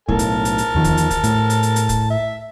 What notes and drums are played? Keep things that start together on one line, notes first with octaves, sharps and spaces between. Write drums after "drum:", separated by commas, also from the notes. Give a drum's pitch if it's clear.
B1 A2 A#4 A5, drum: kick
drum: hi-hat
drum: hi-hat
drum: hi-hat
E2 D#3 F3
drum: kick, hi-hat
drum: hi-hat
drum: kick, hi-hat
A2, drum: hi-hat
drum: hi-hat
drum: hi-hat
drum: hi-hat
drum: kick, hi-hat
E5